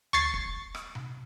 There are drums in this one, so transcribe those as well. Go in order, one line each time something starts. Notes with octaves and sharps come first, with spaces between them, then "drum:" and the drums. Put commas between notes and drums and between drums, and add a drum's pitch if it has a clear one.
C#6 G#6 A6 C7, drum: tom D2
drum: kick
drum: rim click
drum: tom B2